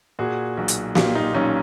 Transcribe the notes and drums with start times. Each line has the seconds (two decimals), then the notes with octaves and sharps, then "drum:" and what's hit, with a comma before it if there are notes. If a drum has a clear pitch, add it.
0.19 A#2 F#4 G#4
0.57 B1
0.68 drum: hi-hat
0.95 A#2 F4 G4, drum: snare
1.15 D#4 F4
1.34 B1 C#4 D#4